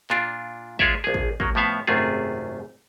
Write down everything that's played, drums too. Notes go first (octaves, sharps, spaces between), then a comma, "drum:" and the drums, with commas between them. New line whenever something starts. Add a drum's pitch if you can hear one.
A#2 D4 F4, drum: clap
G#3 F4 G#4 C#5 D5 E5, drum: kick
A#1 G#4
drum: kick
F#3 A#3, drum: kick
A2 F3 B3 E5 F5
G#1 F#2 C3 A3 F4 G#4